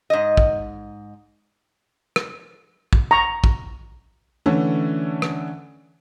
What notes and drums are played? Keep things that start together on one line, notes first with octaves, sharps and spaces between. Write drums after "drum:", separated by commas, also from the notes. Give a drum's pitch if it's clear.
G#2 D#5
drum: kick
drum: rim click
drum: kick
A#5 C#6
drum: kick
D3 E3 A3 C#4
drum: rim click